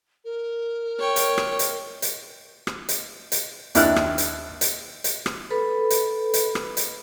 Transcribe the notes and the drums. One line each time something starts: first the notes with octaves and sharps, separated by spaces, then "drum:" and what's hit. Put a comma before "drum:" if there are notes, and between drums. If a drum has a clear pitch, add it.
A#4
C#5 G5
drum: hi-hat
drum: rim click
drum: hi-hat
drum: hi-hat
drum: rim click
drum: hi-hat
drum: hi-hat
D#2 D4 E4 F6 F#6, drum: hi-hat
drum: rim click
drum: hi-hat
drum: hi-hat
drum: hi-hat
drum: rim click
A4 B4 B5
drum: hi-hat
drum: hi-hat
drum: rim click
drum: hi-hat